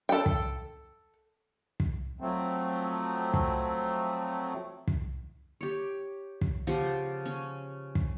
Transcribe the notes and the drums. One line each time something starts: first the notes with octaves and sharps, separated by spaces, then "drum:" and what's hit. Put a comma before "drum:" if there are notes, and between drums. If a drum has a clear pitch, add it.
A4 G5
drum: kick
drum: kick
F3 F#3 A3 C4
drum: kick
drum: kick
G4 C#5
drum: kick
C#3 F3 G4 F#5
C#4
drum: kick